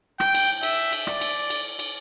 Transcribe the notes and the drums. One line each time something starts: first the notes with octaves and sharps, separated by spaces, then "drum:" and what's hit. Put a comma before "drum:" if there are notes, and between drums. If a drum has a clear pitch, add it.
G5, drum: rim click
drum: cymbal
E5, drum: cymbal
drum: cymbal
D5, drum: rim click
drum: cymbal
drum: cymbal
drum: cymbal